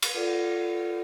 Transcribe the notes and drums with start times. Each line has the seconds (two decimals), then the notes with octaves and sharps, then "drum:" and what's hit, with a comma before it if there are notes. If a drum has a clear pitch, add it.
0.02 drum: cymbal
0.14 F4 A4 D5 F#5